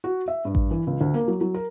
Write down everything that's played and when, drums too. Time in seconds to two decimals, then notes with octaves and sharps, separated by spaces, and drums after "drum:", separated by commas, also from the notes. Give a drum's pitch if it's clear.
0.04 F#4
0.28 E5
0.45 G2
0.55 drum: kick A1
0.71 E3
0.87 C#2
1.01 D2
1.14 A#3
1.28 F#3
1.41 F#3
1.54 A#4